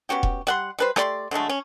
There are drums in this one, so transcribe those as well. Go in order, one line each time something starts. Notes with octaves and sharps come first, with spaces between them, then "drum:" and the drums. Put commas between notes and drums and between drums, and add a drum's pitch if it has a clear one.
B3 C#4 F#4 G4
drum: kick E1
G3 F#5 C6
G3 B4 C5
A3 G4 D5 C6, drum: rim click
D3 F#3 G#3 A3
C#4